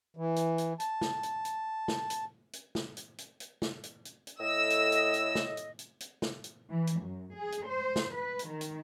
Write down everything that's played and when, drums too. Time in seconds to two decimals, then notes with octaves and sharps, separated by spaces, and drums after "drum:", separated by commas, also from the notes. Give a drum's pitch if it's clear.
0.17 E3
0.36 drum: hi-hat
0.58 drum: hi-hat
0.80 A5, drum: hi-hat
1.01 drum: snare
1.23 drum: hi-hat
1.45 drum: hi-hat
1.88 drum: snare
2.10 drum: hi-hat
2.53 drum: hi-hat
2.75 drum: snare
2.97 drum: hi-hat
3.18 drum: hi-hat
3.40 drum: hi-hat
3.62 drum: snare
3.83 drum: hi-hat
4.05 drum: hi-hat
4.27 drum: hi-hat
4.40 A2 A4 D#5 E6
4.70 drum: hi-hat
4.92 drum: hi-hat
5.14 drum: hi-hat
5.35 drum: snare
5.57 drum: hi-hat
5.79 drum: hi-hat
6.00 drum: hi-hat
6.22 drum: snare
6.44 drum: hi-hat
6.71 E3
6.87 drum: hi-hat
7.03 F#2
7.35 G#4
7.52 drum: hi-hat
7.68 C5
7.96 drum: snare
8.14 B4
8.39 drum: hi-hat
8.49 D#3
8.61 drum: hi-hat